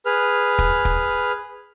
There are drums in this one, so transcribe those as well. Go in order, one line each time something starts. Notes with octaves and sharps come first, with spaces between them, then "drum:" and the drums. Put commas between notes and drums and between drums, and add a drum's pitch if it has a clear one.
G#4 B4 F6
drum: kick
drum: kick